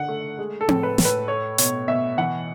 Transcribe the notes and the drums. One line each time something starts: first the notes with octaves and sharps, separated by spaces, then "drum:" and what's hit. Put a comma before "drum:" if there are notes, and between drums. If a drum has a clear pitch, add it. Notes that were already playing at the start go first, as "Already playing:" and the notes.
Already playing: D3 F#5
A3
G#3
A4
A2, drum: tom C4
B4
A2, drum: snare
B4
A3 C#5
B2 C#5, drum: hi-hat
B2 E5
E3 F#5